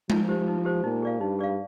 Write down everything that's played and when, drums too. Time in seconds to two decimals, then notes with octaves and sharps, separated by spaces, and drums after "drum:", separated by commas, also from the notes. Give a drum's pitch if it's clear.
0.10 F3 D#4, drum: tom G#3
0.29 G4 C5
0.48 D#4
0.65 G4 C5
0.84 A#2 D#4
1.02 G#4 D5 F5
1.20 G2 D#4
1.39 G#4 D5 F5